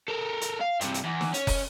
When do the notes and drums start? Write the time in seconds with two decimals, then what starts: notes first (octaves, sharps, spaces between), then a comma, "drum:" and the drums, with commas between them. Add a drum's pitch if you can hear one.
0.08 A4 A#4
0.41 drum: hi-hat
0.61 F5
0.81 G2 C3, drum: hi-hat
0.94 drum: hi-hat
1.05 E2
1.21 drum: snare
1.34 C#4, drum: hi-hat
1.47 drum: kick, open hi-hat